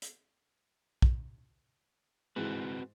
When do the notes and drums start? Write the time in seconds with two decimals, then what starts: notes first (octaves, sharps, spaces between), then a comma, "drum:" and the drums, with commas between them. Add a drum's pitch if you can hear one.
0.02 drum: hi-hat
1.02 drum: kick
2.36 G#2 E3 C4 F#4 B4